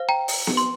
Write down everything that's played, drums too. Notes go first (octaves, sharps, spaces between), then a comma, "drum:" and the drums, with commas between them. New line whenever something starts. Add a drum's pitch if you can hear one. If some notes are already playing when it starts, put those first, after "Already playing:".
Already playing: C5 F5
G5 A#5
drum: open hi-hat
drum: snare B3
C6